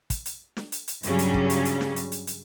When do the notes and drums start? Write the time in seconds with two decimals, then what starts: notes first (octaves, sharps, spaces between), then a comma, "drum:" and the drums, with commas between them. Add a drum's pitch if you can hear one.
0.10 drum: kick, hi-hat
0.26 drum: hi-hat
0.57 drum: snare
0.72 drum: hi-hat
0.88 drum: hi-hat
1.03 G2 C#3 F#3 G3 C#4, drum: hi-hat
1.19 drum: hi-hat
1.34 drum: kick
1.50 drum: hi-hat
1.65 drum: hi-hat
1.81 drum: snare
1.96 drum: hi-hat
2.12 drum: hi-hat
2.27 drum: hi-hat